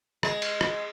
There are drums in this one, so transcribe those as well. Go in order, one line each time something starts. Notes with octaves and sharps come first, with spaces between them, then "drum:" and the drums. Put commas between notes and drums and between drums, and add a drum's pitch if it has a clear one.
G#3, drum: rim click
drum: cymbal
drum: rim click